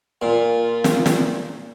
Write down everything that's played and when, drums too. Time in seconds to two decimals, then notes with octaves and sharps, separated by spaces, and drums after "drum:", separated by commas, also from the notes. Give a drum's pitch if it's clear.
0.22 A#2 F4
0.84 drum: snare
1.06 drum: snare